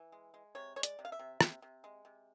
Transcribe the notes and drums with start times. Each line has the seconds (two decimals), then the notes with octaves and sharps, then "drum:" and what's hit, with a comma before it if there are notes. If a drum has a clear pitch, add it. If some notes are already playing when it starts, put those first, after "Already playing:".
Already playing: E3
0.12 G#3
0.34 G#3
0.55 C3 C#5
0.76 G#3 C#5
0.83 D5, drum: hi-hat
0.99 C3
1.05 F5
1.12 E5
1.19 C3
1.41 C3, drum: rim click
1.62 C3
1.84 G#3
2.05 C3